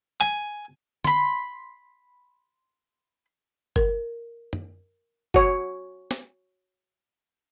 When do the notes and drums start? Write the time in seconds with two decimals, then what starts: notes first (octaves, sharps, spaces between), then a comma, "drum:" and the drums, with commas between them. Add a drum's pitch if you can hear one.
0.21 G#5, drum: clap
1.04 B5 C6, drum: tom D3
3.76 A#4, drum: kick F#1
4.53 drum: tom
5.34 F#4 C#5, drum: kick F#1
6.11 drum: snare